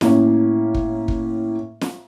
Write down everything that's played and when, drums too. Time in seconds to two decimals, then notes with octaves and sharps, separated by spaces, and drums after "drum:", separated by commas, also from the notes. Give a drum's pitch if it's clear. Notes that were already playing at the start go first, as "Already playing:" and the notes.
0.01 A2 A#3 C#4, drum: snare
0.74 drum: kick
1.08 drum: kick
1.81 drum: snare